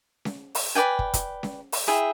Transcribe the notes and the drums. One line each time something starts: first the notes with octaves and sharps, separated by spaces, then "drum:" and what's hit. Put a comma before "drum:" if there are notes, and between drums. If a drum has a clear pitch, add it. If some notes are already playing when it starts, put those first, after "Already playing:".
drum: snare C#4
drum: open hi-hat
B4 D5 G5 G#5
drum: kick
drum: kick, hi-hat
drum: snare C#4
drum: open hi-hat
E4 G#4 E5 G5